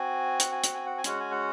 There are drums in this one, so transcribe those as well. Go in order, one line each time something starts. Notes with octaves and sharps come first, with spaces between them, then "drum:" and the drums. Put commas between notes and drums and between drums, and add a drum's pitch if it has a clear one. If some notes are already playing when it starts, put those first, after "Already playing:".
Already playing: C4 F#4 G#5
F#5, drum: hi-hat
G#5
F#5, drum: hi-hat
G#5
F#5
G#5
G#3 C#4 F#4 F#5, drum: hi-hat
G#5
F#5